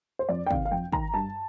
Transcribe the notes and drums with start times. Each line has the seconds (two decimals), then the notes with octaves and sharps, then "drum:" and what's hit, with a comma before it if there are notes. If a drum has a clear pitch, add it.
0.19 C5
0.29 F2 D5
0.46 G5
0.51 C3 D#3 F5, drum: kick
0.65 F5
0.71 F2 G5
0.92 D#3 A#5, drum: kick
1.14 G2 A5